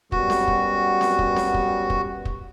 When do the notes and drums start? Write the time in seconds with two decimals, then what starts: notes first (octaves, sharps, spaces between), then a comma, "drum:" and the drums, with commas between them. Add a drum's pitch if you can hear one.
0.12 F#2 G3 B3 F#4, drum: kick
0.30 drum: snare C4
0.48 drum: kick
1.01 drum: snare C4
1.19 drum: kick
1.37 drum: snare C4
1.54 drum: kick
1.90 drum: kick
2.25 drum: kick